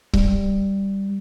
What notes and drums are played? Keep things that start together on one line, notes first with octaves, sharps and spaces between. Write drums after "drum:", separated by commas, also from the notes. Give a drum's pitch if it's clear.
G3, drum: kick C#1